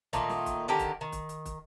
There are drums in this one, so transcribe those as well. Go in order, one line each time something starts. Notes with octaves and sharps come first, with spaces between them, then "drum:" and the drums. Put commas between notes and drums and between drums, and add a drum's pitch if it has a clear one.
A#2 D#3 A3 D#4, drum: kick, hi-hat
drum: snare
drum: kick, hi-hat
D3 D#3 G4 A#4
drum: kick, hi-hat
D#3
drum: kick, hi-hat
drum: hi-hat
drum: kick, hi-hat